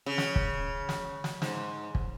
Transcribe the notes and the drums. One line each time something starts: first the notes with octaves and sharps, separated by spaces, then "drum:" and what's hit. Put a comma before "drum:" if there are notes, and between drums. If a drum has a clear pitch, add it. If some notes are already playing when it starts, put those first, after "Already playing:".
C#3
drum: snare
drum: kick
drum: snare
drum: snare
G#2, drum: snare
drum: kick